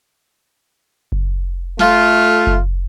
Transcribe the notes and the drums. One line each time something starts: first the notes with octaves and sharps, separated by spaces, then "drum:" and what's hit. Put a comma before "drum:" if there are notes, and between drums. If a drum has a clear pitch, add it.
drum: kick F#1
A3 F4, drum: snare
drum: kick F#1